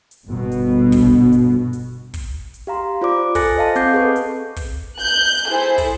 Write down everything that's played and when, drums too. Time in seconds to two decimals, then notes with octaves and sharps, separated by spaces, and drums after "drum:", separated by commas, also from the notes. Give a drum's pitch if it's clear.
0.11 drum: hi-hat
0.24 G1 B2
0.52 drum: hi-hat
0.92 drum: kick, open hi-hat
1.33 drum: hi-hat
1.73 drum: hi-hat
2.14 drum: kick, open hi-hat
2.54 drum: hi-hat
2.67 G4 F5 A#5 C6
3.01 F4 C5 D5 D6
3.35 A4 G#5 F#6 A6 A#6 C#7, drum: kick, open hi-hat
3.56 C5 D#5 F5 A5
3.76 C4 F#5 D6 G6 G#6 C7, drum: hi-hat
3.94 G#4 A4 B4 C#6
4.16 drum: hi-hat
4.56 drum: kick, open hi-hat
5.00 F#6 G6, drum: hi-hat
5.37 drum: hi-hat
5.48 E4 G#4 A4 C5
5.78 drum: kick, open hi-hat